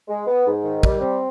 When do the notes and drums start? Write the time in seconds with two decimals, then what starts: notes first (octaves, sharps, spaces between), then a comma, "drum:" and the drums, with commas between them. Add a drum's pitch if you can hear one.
0.08 G#3
0.27 B3
0.46 G#2
0.64 D#3
0.83 G3, drum: kick
1.01 C4